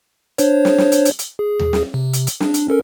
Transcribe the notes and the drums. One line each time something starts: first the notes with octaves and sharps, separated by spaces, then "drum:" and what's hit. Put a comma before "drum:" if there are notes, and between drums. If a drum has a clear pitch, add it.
D4 C5 C#5, drum: hi-hat
drum: snare
drum: snare
drum: hi-hat
drum: hi-hat
drum: hi-hat
G#4
drum: tom D#2
drum: snare
C3
drum: hi-hat
drum: hi-hat
D4, drum: snare
drum: hi-hat
C#4 A4 A#4